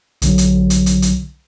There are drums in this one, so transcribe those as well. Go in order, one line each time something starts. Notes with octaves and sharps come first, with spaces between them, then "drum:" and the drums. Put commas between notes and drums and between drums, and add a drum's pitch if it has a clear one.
B1 D3 F#3, drum: hi-hat
drum: hi-hat
drum: hi-hat
drum: hi-hat
drum: hi-hat